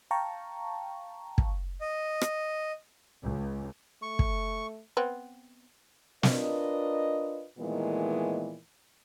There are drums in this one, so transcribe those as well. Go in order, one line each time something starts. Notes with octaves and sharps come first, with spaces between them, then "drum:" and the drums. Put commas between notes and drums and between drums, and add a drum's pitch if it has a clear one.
F5 G5 A5 A#5 C#6
drum: kick
D#5
drum: rim click
C#2
A3 C#6
drum: kick
B3 C4
D4 F4 A#4 B4 D#5, drum: snare
A#2 D#3 E3 G#3 A3 B3